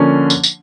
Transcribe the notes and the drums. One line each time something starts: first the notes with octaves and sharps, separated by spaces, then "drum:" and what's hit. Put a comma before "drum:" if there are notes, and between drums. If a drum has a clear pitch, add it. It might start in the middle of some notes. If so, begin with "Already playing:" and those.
Already playing: D3 F3 A#3 C#4
drum: tambourine
drum: tambourine